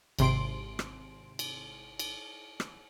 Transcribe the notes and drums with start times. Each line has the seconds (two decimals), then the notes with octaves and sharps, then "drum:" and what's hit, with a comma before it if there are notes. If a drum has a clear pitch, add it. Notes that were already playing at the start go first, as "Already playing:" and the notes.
0.19 G#1 C3 C6 D7, drum: cymbal
0.79 drum: rim click
1.39 drum: cymbal
1.99 drum: cymbal
2.60 drum: rim click